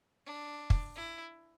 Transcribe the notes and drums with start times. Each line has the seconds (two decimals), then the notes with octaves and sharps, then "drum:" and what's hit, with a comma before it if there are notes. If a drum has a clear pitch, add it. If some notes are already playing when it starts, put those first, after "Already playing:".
0.26 D4
0.70 drum: kick
0.96 E4